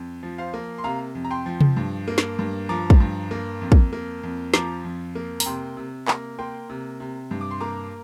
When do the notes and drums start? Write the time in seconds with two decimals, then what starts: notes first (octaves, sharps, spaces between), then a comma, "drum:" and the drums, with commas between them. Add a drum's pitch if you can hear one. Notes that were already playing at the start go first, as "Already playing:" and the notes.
Already playing: F2
0.23 F3
0.38 C5 F5
0.54 A#3
0.78 C6
0.84 C3 F5 A#5
1.15 F2
1.25 A#5
1.31 G5 C6
1.46 F3
1.61 drum: tom C3
1.76 G2
2.08 A#3
2.18 drum: snare
2.39 G2
2.69 F3 A#5 D6
2.90 drum: kick
3.00 G2
3.31 A#3
3.61 F2
3.72 drum: kick
3.93 A#3
4.23 F2
4.54 F3 A#5 D6, drum: snare
4.84 F2
5.15 A#3
5.40 A#5, drum: open hi-hat
5.46 C3 G5 C6
5.77 C3
6.08 A#3, drum: clap
6.38 A#3 G5 C6
6.70 C3
7.00 C3
7.31 G2
7.41 D6
7.51 C6
7.60 A#3 A#5 D6